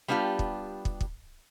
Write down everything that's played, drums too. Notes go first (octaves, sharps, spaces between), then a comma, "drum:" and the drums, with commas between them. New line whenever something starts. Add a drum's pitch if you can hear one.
G3 B3 D4 F4 G4
drum: kick
drum: kick
drum: kick